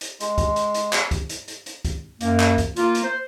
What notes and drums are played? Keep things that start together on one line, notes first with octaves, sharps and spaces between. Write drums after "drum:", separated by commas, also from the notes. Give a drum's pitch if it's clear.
drum: hi-hat
G#3, drum: hi-hat
drum: kick, hi-hat
drum: hi-hat
drum: hi-hat
drum: clap
drum: kick, hi-hat
drum: hi-hat
drum: hi-hat
drum: hi-hat
drum: kick, hi-hat
F#2 A#3, drum: hi-hat
drum: clap
drum: kick, hi-hat
A#3 F4, drum: hi-hat
drum: hi-hat
C5